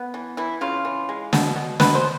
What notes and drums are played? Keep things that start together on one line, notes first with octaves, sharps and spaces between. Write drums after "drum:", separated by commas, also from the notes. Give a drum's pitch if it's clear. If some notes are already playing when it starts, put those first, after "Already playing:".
Already playing: B3
E3
E3 E4
C#3 F4
E3
G#3
B2, drum: snare
B2
B2 B4, drum: snare
C5